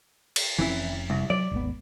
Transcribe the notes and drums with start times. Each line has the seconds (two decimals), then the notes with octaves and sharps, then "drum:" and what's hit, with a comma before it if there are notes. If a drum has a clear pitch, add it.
0.36 drum: cymbal
0.58 F1 E3 C4 C#4 E4
1.10 C2
1.30 F#3 D5
1.51 D#1 G#1 B3